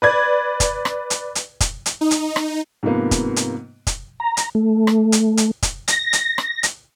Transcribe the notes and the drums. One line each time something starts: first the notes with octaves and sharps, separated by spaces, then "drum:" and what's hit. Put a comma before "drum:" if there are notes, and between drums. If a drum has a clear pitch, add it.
B4 D5 G#6
drum: kick, hi-hat
drum: rim click
drum: hi-hat
drum: hi-hat
drum: kick, hi-hat
drum: hi-hat
D#4
drum: hi-hat
drum: rim click
G#2 C3 F3 A#3 B3
drum: kick, hi-hat
drum: hi-hat
drum: kick, hi-hat
A#5
drum: hi-hat
A3
drum: rim click
drum: hi-hat
drum: hi-hat
drum: kick, hi-hat
A#6, drum: hi-hat
drum: hi-hat
drum: rim click
drum: hi-hat